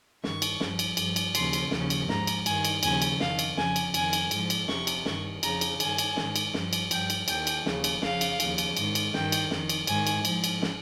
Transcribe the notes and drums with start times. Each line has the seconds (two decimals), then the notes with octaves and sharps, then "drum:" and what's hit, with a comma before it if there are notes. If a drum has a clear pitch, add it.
0.24 G2 D#3 C#6, drum: snare
0.42 drum: cymbal
0.60 G2 F3, drum: snare
0.79 drum: cymbal
0.97 G2 F3, drum: cymbal
1.16 drum: cymbal
1.35 D#2 C#3 F3 C6, drum: cymbal
1.53 drum: cymbal
1.71 D#2 C#3 F3, drum: snare
1.90 drum: cymbal
2.09 G#2 F3 A#5, drum: snare
2.27 drum: cymbal
2.46 G2 D#3 G#5, drum: cymbal
2.65 drum: cymbal
2.83 D#2 C#3 F3 G#5, drum: cymbal
3.02 drum: cymbal
3.20 F2 D#3 F5, drum: snare
3.39 drum: cymbal
3.57 F2 C#3 F3 G#5, drum: snare
3.76 drum: cymbal
3.94 F2 D#3 G#5, drum: cymbal
4.13 drum: cymbal
4.31 G#2 F3, drum: cymbal
4.50 drum: cymbal
4.68 F2 C3 F3 C#6, drum: snare
4.87 drum: cymbal
5.05 G2 D#3 C#6, drum: snare
5.43 F2 C#3 F3 A#5, drum: cymbal
5.61 drum: cymbal
5.80 G2 D#3 G#5, drum: cymbal
5.98 drum: cymbal
6.17 G#2 D#3, drum: snare
6.36 drum: cymbal
6.54 G2 F3, drum: snare
6.73 drum: cymbal
6.91 G2 F3 G5, drum: cymbal
7.10 drum: cymbal
7.28 D#2 D#3 G5, drum: cymbal
7.47 drum: cymbal
7.66 D#2 C#3 F3, drum: snare
7.84 drum: cymbal
8.02 F2 C#3 F3 F5, drum: snare
8.21 drum: cymbal
8.40 D#2 C#3 F3, drum: cymbal
8.58 drum: cymbal
8.77 G#2 D#3, drum: cymbal
8.95 drum: cymbal
9.14 G2 D#3 G5, drum: snare
9.32 drum: cymbal
9.51 F2 D#3, drum: snare
9.69 drum: cymbal
9.87 G#2 D#3 G#5, drum: cymbal
10.07 drum: cymbal
10.25 G#2 F3, drum: cymbal
10.44 drum: cymbal
10.62 drum: snare